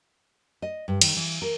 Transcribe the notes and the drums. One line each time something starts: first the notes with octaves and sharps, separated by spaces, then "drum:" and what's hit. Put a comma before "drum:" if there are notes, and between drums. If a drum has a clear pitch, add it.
D#5
G2
D#3, drum: cymbal
E3
A#4